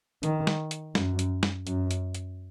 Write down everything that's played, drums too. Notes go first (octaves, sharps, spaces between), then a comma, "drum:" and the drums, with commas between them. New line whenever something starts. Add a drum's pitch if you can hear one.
D#3, drum: hi-hat
drum: snare
drum: hi-hat
F#2, drum: snare
drum: hi-hat
drum: snare
F#2, drum: hi-hat
drum: hi-hat
drum: hi-hat